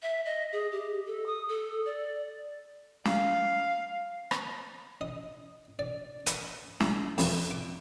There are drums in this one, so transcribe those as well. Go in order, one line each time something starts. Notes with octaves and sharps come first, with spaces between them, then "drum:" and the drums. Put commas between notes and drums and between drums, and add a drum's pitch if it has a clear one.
E5
D#5
G#4
G4
A4
D#6
A4
D5
F5, drum: snare
drum: rim click
D#5
D5
D#6, drum: hi-hat
E4, drum: snare
F2, drum: open hi-hat
D6